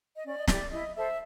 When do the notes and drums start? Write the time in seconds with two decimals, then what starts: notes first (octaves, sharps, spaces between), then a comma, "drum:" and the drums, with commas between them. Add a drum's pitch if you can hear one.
0.15 D#5
0.24 C#4 D5
0.39 D#5
0.48 E4 G4 D5, drum: snare
0.71 E4 D#5
0.95 A4 C5 E5